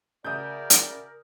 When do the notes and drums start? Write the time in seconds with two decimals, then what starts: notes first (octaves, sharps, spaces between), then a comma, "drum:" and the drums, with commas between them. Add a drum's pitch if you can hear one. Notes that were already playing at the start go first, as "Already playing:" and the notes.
0.24 C#3 F#4 A#4 D5 E5 D#6 G6
0.70 drum: hi-hat